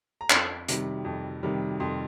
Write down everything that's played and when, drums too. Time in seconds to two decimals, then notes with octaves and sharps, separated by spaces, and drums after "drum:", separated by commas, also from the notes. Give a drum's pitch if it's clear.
0.21 A#5
0.30 F2 B5, drum: clap
0.69 C3 D#3 G3, drum: hi-hat
1.05 F2
1.43 C3 D#3 G3
1.80 F2 C6